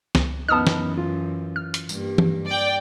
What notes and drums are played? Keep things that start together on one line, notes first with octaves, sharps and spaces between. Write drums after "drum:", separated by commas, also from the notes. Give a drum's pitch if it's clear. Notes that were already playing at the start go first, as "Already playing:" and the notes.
C#2, drum: snare
F#2 E3 B3 D#4 A5 D#6 F6
drum: snare
F4
F6
drum: hi-hat
G2 G3 A#3, drum: tambourine
drum: tom E3
D5 G5